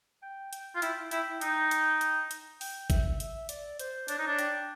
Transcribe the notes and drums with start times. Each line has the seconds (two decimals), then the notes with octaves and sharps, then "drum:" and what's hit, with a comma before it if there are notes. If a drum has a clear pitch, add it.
0.22 G5
0.53 G5, drum: hi-hat
0.75 F4
0.82 E4 G5, drum: hi-hat
1.11 E4 G5, drum: hi-hat
1.41 D#4, drum: hi-hat
1.71 drum: hi-hat
2.01 drum: hi-hat
2.31 drum: hi-hat
2.61 G5, drum: open hi-hat
2.90 E5, drum: kick G#1, hi-hat
3.20 E5, drum: hi-hat
3.49 D5, drum: hi-hat
3.79 C5, drum: hi-hat
4.08 D4 C#5, drum: hi-hat
4.18 D#4
4.27 D4
4.39 G5, drum: hi-hat